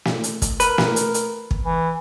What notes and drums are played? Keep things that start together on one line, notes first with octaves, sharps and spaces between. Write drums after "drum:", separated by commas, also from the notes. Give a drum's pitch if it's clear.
drum: snare
drum: hi-hat
drum: kick, hi-hat
A#4 B4, drum: hi-hat
drum: snare
drum: hi-hat
drum: hi-hat
drum: kick
E3